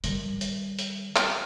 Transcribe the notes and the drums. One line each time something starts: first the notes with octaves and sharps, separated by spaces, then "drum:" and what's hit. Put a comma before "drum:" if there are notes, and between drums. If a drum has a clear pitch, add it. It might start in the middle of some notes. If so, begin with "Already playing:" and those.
D#3 G3, drum: hi-hat
drum: hi-hat
drum: hi-hat
drum: clap